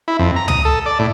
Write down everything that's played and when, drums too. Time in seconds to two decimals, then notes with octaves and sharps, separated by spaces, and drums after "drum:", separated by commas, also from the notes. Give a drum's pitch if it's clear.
0.08 E4
0.19 F2
0.36 A#5
0.48 D#6, drum: tom C#2
0.65 A4
0.86 D5
0.99 A2